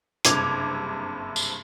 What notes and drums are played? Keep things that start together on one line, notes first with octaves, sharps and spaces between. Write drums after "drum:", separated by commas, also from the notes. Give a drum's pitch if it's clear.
F#1 G2 C3 D6 G#6 F7, drum: hi-hat
drum: tambourine